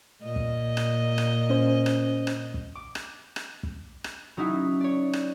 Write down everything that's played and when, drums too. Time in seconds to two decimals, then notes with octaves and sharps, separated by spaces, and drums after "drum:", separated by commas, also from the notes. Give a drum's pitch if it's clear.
0.22 A#2 D#5
0.36 drum: kick
0.77 drum: rim click
1.18 drum: rim click
1.50 C#4 C5
1.86 drum: rim click
2.27 drum: rim click
2.54 drum: kick
2.75 D6
2.95 drum: rim click
3.36 drum: rim click
3.63 drum: kick
4.04 drum: rim click
4.37 F#3 C#4 D#4 E4 F#4
4.80 C#5 D5
5.13 drum: rim click